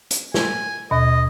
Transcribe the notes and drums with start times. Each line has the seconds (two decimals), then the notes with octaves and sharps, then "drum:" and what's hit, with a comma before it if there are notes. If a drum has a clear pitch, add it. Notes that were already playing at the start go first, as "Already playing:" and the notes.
0.11 drum: hi-hat
0.34 G#5, drum: snare
0.91 D#2 B2 D#5